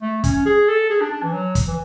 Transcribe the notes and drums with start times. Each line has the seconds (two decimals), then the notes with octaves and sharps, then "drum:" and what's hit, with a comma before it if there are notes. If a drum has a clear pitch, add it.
0.02 A3
0.24 C#4, drum: kick, hi-hat
0.46 G#4
0.68 A4
0.90 G#4
1.01 D4
1.11 D4
1.23 E3
1.33 F#3
1.55 drum: kick, hi-hat
1.68 E3